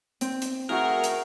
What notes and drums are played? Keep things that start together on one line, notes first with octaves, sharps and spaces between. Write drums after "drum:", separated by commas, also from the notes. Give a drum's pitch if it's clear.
C4, drum: hi-hat
drum: hi-hat
A3 F#4 G#4 A#4 F6
drum: hi-hat